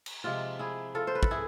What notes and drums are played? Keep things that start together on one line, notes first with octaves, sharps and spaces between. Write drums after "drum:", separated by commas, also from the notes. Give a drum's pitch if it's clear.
drum: cymbal
C3 F3 G#3 F4
E4 G#4
F4 A4
C5
B4
A4, drum: kick
E4 G#4